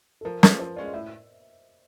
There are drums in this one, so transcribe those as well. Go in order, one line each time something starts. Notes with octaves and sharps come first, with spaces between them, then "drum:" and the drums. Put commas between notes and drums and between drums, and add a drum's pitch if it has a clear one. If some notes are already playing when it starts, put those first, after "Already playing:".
A4
F3 A#4
G#3 C#4 F4 B4, drum: snare
F3 C5
G#3 C#4 F4 D5
D#5
A2 E5